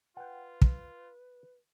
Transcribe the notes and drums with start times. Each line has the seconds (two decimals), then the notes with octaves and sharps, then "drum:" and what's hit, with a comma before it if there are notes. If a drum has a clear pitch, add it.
0.17 F4 B4 F#5 G5
0.62 drum: kick